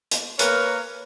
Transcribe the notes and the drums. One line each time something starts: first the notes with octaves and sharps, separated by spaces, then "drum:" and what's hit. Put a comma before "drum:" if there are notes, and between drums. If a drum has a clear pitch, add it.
drum: hi-hat
A#3 A#4 B4 C#5, drum: hi-hat